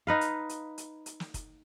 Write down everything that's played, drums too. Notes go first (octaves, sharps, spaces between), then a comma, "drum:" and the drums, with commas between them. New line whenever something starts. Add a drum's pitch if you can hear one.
D#4 B4 F5
drum: hi-hat
drum: hi-hat
drum: hi-hat
drum: hi-hat
drum: snare
drum: kick, hi-hat